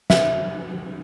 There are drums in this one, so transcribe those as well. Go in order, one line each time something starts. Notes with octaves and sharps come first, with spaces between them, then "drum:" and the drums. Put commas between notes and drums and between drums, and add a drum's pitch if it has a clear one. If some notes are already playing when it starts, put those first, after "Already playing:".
E5, drum: snare